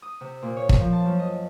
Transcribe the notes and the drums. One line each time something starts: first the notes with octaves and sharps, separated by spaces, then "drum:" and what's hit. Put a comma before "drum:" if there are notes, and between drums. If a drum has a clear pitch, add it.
D#6
C3
A#2
C#5
drum: kick
F3
A5
F#2
D#5